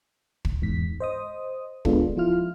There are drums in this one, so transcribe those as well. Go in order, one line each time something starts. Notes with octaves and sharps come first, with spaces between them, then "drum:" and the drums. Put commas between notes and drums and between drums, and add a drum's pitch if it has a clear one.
drum: kick
E2 G#2 B6
C5 D#5 D#6
G#3 B3 D4 F4 A4, drum: kick
F3 E4 F4 F6